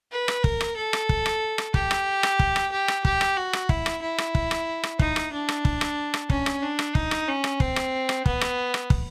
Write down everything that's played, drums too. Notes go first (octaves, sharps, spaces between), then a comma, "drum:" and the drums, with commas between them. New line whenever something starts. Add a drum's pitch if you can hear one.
B4
drum: rim click
A#4, drum: kick
drum: rim click
A4
drum: rim click
drum: kick
drum: rim click
drum: rim click
G4, drum: kick
drum: rim click
drum: rim click
drum: kick
drum: rim click
G4
drum: rim click
G4, drum: kick
drum: rim click
F#4
drum: rim click
E4, drum: kick
drum: rim click
E4
drum: rim click
drum: kick
drum: rim click
drum: rim click
D#4, drum: kick
drum: rim click
D4
drum: rim click
drum: kick
drum: rim click
drum: rim click
C#4, drum: kick
drum: rim click
D4
drum: rim click
D#4, drum: kick
drum: rim click
C#4
drum: rim click
C4, drum: kick
drum: rim click
drum: rim click
B3, drum: kick
drum: rim click
drum: rim click
drum: kick